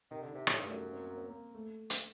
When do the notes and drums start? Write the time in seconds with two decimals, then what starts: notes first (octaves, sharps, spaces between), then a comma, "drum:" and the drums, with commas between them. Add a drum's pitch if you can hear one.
0.11 C3 D#3
0.22 D3
0.29 D#3
0.35 C3
0.47 A2 G3, drum: rim click
0.59 G2
0.64 A3
0.70 F#2
0.83 A#3
0.93 C4
1.05 A#3
1.18 C4
1.29 A#3
1.55 A3
1.90 drum: hi-hat